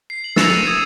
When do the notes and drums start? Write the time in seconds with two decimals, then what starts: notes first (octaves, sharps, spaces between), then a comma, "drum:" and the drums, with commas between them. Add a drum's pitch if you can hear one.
0.10 C7
0.24 F#7
0.36 E6 A6 A#6 C#7 E7 F7, drum: snare
0.50 C7 D#7 E7
0.66 D#6 G#6 C#7